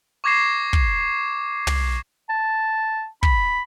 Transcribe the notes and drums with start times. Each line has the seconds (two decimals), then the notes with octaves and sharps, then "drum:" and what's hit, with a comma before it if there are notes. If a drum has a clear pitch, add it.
0.24 C#6 D6 G#6 A#6 C7 E7
0.73 drum: kick
1.67 drum: tom
2.30 A5
3.23 B5, drum: kick